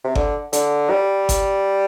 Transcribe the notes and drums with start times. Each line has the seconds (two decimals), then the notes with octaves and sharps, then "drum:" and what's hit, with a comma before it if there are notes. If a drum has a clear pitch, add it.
0.04 C3
0.15 D3, drum: kick G1
0.53 D3, drum: hi-hat
0.91 G3
1.29 drum: kick G1, hi-hat